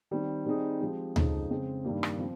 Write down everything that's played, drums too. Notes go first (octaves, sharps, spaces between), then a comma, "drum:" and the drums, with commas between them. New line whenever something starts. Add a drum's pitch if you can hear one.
D#3 G3 C4
D#3 G3 C4 D#4 G#4
F3 G#3 C4 G4
F2 C#3 F3 G#3 D#4, drum: tom D2
C#3 G#3 C4
G2 D#3 G3 A#3
drum: rim click
F3 C4